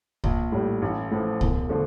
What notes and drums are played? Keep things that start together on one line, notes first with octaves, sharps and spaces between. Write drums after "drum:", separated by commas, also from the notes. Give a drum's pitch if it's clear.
A#1, drum: kick C2
A2 G3
A1
A2 F3
E1, drum: kick C2
D3 F3 A3